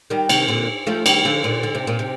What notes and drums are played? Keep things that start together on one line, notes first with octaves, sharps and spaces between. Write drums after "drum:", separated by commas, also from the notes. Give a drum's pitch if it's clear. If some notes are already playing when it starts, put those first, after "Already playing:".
D#3 G3
C3 D#3, drum: cymbal
A#2 D3
F3 A3
D#3 G3, drum: cymbal
D3 F3
A#2 D3
D3
C3
A#2
C3